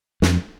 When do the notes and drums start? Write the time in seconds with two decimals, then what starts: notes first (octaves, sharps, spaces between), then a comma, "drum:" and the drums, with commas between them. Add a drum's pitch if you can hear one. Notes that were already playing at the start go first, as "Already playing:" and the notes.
0.22 F2, drum: snare